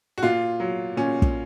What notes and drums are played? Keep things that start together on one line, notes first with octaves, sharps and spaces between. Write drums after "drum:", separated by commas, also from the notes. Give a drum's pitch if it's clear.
F#4
A#2 F4
F#3
A#2 C#4
drum: kick